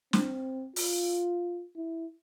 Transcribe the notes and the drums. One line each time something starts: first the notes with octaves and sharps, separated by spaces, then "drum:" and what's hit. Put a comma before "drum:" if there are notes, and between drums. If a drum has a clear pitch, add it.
C4, drum: snare
F4, drum: open hi-hat
E4